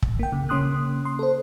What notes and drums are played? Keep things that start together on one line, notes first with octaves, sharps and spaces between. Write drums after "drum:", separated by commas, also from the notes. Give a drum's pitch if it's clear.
drum: kick
A#3 G5
C#3
C#3 A#3 C#4 C6 D#6 F#6
C6
A4 C5